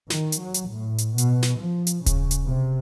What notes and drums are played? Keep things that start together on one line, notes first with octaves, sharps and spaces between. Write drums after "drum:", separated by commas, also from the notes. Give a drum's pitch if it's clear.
D#3, drum: snare
drum: hi-hat
F#3
drum: hi-hat
A2
drum: hi-hat
B2, drum: hi-hat
drum: snare
F3
drum: hi-hat
C#3, drum: kick D#1, hi-hat
drum: hi-hat
C3